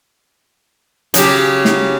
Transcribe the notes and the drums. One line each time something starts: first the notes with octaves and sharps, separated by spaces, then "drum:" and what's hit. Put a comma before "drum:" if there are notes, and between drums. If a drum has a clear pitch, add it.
C#3 F#3 G4, drum: hi-hat
drum: snare